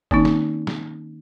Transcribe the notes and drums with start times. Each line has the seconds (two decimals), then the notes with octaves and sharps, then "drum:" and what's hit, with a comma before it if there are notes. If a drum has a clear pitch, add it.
0.11 D#3 A#3 C4 C#4 D#4, drum: kick F#1
0.25 drum: snare
0.67 drum: snare